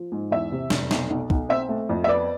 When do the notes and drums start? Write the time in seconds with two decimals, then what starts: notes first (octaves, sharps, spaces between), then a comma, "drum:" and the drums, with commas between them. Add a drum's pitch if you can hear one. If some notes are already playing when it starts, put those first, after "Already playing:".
Already playing: F3
0.12 G#2
0.31 E2 E5
0.52 C3
0.70 F1, drum: snare
0.91 B1, drum: snare
1.10 B1
1.30 B1, drum: kick
1.49 C4 E5
1.69 A3
1.89 F2
2.04 E5
2.08 B3 D5